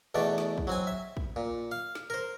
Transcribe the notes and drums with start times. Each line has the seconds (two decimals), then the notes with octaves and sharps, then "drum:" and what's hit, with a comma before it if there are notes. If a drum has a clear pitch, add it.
0.15 E2 B2 A3 D5
0.38 drum: snare
0.58 drum: kick
0.67 F#3 C4 G#5
0.87 E5
1.17 drum: kick
1.36 A#2
1.71 F5
1.95 drum: snare
2.10 A#4 C5